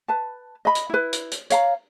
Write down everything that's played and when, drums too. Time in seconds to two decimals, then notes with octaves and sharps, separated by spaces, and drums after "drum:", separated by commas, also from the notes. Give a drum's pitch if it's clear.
0.08 B4 A5
0.65 D#5 B5
0.75 drum: hi-hat
0.90 E4 B4
1.13 drum: hi-hat
1.32 drum: hi-hat
1.50 C#5 F5 A#5, drum: hi-hat